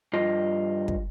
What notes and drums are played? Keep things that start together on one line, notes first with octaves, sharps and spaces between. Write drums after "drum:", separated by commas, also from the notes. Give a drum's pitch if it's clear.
G2 F4 D#5
drum: kick